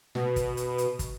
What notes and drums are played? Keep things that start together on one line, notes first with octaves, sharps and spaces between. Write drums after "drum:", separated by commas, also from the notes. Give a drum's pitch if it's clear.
B2, drum: snare
drum: kick, hi-hat
drum: hi-hat
drum: hi-hat
drum: kick, hi-hat